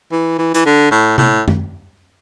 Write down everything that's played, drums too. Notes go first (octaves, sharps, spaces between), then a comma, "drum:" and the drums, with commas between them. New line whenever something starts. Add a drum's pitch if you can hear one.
E3
E3
E3, drum: hi-hat
D3
A2
A2, drum: tom C3
drum: tom F#2